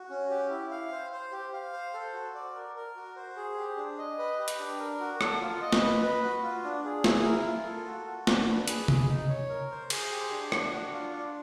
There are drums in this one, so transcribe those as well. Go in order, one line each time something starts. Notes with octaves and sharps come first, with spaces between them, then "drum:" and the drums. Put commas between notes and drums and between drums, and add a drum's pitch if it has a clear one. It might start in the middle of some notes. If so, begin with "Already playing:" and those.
Already playing: F#4
C#4
G4
E4
F5
C5
C5
G4
F5
C5
A4
F#4
D5
A#4
A#4
F#4
C5
G#4
G4
D4
D#5
B4
G4
drum: hi-hat
D4
A#4
F#4
A4, drum: rim click
F4
D#5
drum: snare
B4
B4
F#4
F4
D4
G#4
E4, drum: snare
A#4
F4
A4
F#4
F#4
D4, drum: snare
B4
G#4, drum: hi-hat
G#4, drum: tom C3
D#4
C#5
A#4
C5
G#4, drum: cymbal
G4
D4
F#4, drum: rim click
D4
F4
D4